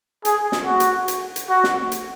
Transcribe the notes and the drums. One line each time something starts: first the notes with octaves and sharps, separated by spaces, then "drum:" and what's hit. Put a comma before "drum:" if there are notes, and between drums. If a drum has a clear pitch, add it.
G#4, drum: hi-hat
drum: snare
F#4
drum: hi-hat
drum: hi-hat
drum: hi-hat
F#4
drum: snare
drum: hi-hat